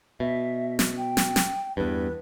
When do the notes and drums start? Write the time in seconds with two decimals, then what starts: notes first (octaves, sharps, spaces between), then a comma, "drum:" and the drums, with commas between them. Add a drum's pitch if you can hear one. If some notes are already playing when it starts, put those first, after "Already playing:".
0.20 B2 E5
0.79 drum: snare
0.98 G5
1.17 drum: snare
1.36 drum: snare
1.77 E2 G2 B4